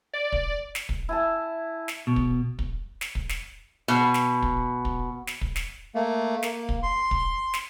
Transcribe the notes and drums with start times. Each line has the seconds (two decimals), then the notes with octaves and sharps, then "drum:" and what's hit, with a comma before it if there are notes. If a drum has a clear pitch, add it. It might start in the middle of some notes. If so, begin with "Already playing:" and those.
0.13 D5
0.32 drum: kick
0.75 drum: snare
0.89 drum: kick
1.09 E4 G#5 A5
1.88 drum: snare
2.07 B2
2.16 drum: kick
2.59 drum: kick
3.01 drum: snare
3.15 drum: kick
3.29 drum: snare
3.88 B2
4.14 drum: snare
4.42 drum: kick
4.85 drum: kick
5.27 drum: snare
5.41 drum: kick
5.56 drum: snare
5.95 A3 A#3
6.43 A#3, drum: snare
6.69 drum: kick
6.83 C6
7.11 drum: kick
7.54 drum: snare